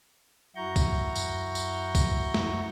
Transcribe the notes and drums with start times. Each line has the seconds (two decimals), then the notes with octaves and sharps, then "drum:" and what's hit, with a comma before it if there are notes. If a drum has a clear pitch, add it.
0.56 F#2 E4 F#4 A#5 C#6 G6
0.76 drum: kick C2, tambourine
1.15 drum: tambourine
1.55 drum: tambourine
1.95 drum: kick C2, tambourine
2.34 drum: snare